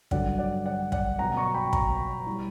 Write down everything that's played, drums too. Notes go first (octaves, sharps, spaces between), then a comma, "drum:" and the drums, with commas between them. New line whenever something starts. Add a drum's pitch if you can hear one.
G2 D3 F#3 D5 F#5, drum: kick
D5 F#5
D5 F#5
D5 F#5, drum: kick
B2 F#3 F#5 A#5
A#5 C#6
G5 B5
A#5 C#6, drum: kick
E3 G3